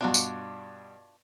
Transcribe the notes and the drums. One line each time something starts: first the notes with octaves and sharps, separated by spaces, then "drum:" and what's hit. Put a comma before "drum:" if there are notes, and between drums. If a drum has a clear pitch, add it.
G2 B2 D4 F4 F#4
drum: tambourine